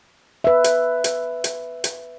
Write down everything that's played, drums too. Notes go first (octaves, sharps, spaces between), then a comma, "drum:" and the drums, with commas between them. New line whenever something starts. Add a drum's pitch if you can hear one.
B4 E5
drum: hi-hat
drum: hi-hat
drum: hi-hat
drum: hi-hat